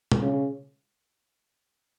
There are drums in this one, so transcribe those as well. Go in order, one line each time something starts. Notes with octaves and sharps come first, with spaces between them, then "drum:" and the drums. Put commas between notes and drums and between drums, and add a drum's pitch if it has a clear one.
drum: tom B2
C#3